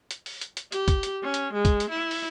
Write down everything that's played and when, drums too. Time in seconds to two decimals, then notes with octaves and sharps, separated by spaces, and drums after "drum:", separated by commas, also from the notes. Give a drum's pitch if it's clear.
0.11 drum: hi-hat
0.26 drum: open hi-hat
0.41 drum: hi-hat
0.57 drum: hi-hat
0.72 G4, drum: hi-hat
0.88 drum: kick, hi-hat
1.03 drum: hi-hat
1.23 C#4
1.34 drum: hi-hat
1.53 G#3
1.65 drum: kick, hi-hat
1.80 drum: hi-hat
1.90 E4
2.11 drum: open hi-hat